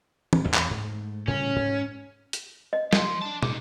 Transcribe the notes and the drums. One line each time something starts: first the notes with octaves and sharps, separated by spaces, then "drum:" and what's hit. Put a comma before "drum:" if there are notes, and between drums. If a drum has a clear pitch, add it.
drum: tom
A1 E2 C4
drum: clap
G#2 A3
A2 C#3 G3 C#4
G#2
drum: hi-hat
D#5
F3 C6, drum: snare
D4 A5
D3 D#4 D6, drum: tom